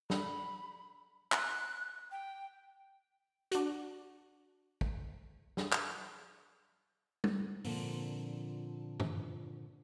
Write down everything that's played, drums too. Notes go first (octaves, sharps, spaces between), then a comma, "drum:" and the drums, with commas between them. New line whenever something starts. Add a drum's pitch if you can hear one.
B5, drum: snare
F#6, drum: clap
G5
D4 F#4, drum: hi-hat
drum: kick
drum: snare
drum: clap
drum: tom
A#2 D3 F3 C4 D4, drum: open hi-hat
drum: tom G2